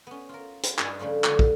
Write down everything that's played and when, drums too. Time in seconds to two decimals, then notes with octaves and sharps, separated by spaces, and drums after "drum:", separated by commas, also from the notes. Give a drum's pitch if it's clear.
0.07 B3 C#4
0.29 F4 A#4
0.63 drum: hi-hat
0.79 G2 D#4 B4 F5, drum: clap
0.99 C#3 F3 G3 A3 F4
1.24 D3, drum: clap
1.39 drum: kick